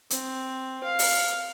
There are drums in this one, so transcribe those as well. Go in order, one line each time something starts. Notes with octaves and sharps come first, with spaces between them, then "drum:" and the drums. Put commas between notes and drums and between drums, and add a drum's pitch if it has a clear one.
C4, drum: hi-hat
F5
drum: open hi-hat